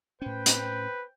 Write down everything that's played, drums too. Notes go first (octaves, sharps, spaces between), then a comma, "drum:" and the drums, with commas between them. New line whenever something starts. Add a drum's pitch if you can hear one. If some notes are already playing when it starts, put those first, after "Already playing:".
A2 C#4 B4 C5 G5
drum: hi-hat